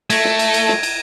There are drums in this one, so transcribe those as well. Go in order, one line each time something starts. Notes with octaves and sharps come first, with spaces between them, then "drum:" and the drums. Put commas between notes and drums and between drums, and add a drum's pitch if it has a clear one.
A3 G#6 A#6 D7, drum: cymbal
drum: snare
drum: cymbal
drum: cymbal
drum: snare
drum: cymbal